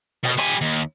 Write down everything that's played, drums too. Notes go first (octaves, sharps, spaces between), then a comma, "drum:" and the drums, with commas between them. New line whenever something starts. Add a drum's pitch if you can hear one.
B2, drum: open hi-hat
G3 G#5, drum: rim click
D#2